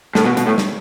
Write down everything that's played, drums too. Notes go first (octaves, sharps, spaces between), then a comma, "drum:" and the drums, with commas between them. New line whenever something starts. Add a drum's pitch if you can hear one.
A2, drum: snare
B2
B2, drum: hi-hat
A2
drum: snare